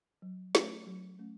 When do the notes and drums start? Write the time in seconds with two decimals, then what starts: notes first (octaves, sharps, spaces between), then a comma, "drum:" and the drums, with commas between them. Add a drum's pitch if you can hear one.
0.22 F#3
0.55 A3 C#4, drum: snare
0.87 F#3
1.19 A3 C#4